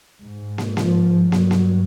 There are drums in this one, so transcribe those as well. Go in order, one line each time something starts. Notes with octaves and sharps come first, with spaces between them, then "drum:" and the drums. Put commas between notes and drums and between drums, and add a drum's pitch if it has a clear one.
G#2
drum: snare
F3, drum: snare
G2 F#3, drum: snare
drum: snare